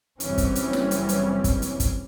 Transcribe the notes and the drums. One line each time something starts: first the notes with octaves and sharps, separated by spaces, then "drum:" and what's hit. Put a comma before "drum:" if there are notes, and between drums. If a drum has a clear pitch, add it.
F#1 E3 G3 C4 C#4, drum: hi-hat
drum: kick, hi-hat
drum: hi-hat
drum: snare
drum: hi-hat
drum: hi-hat
drum: kick, hi-hat
drum: hi-hat
drum: kick, hi-hat